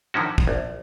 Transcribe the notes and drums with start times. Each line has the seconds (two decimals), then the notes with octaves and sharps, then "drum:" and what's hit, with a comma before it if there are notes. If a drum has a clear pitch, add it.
0.14 D3 D#3 F3 C#4 F#4
0.38 drum: kick
0.47 A#1